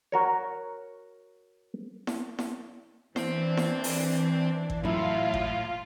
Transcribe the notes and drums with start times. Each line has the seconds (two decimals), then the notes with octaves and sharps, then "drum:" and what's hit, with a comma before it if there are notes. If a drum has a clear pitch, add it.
0.12 F#4 A#4 C#5
2.07 drum: snare E4
2.39 drum: snare E4
3.16 E3 C4 D4 C5, drum: snare E4
3.57 drum: snare E4
3.84 drum: open hi-hat
4.70 drum: kick G#1
4.84 A2 F#3 E4 F4
5.34 drum: kick G#1